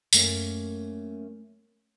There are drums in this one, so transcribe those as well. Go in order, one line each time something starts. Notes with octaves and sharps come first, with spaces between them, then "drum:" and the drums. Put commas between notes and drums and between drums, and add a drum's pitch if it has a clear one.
F#2 A3 A#3 C#4, drum: tambourine